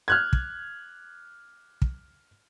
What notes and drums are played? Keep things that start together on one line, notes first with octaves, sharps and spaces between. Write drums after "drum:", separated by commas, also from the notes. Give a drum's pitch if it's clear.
F6 F#6 G#6
drum: kick
drum: kick